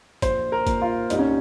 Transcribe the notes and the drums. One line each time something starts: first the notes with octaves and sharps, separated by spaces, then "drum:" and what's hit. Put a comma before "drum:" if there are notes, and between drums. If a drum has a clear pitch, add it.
A#1 C5, drum: kick, hi-hat
A#4
A#2, drum: kick, hi-hat
F4
C2 D#4, drum: hi-hat
C#4